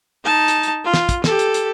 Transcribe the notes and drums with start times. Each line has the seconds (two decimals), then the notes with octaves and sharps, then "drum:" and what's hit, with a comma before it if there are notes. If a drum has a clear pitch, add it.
0.24 D#4 A5
0.48 drum: hi-hat
0.63 drum: hi-hat
0.84 F4
0.94 drum: snare
1.09 drum: kick, hi-hat
1.24 G4 A4, drum: snare
1.39 drum: hi-hat
1.54 drum: hi-hat